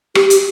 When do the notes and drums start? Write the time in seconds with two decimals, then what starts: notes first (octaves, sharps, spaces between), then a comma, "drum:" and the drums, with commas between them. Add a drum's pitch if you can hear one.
0.15 G4, drum: rim click
0.30 drum: hi-hat